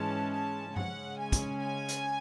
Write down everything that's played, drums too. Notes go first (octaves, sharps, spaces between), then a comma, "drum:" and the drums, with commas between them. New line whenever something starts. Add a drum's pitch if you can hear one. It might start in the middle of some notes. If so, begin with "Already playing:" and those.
Already playing: G#2 E3 G#3 C#4 A5
A5
C#3 G#3 C#4 F#5, drum: tom G2
G#5
drum: kick, hi-hat
G#5
drum: hi-hat